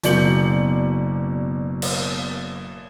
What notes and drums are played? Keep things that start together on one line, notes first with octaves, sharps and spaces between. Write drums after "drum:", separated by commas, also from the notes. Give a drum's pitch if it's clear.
F#1 B2 D5 G6 C#7 F#7, drum: hi-hat
drum: cymbal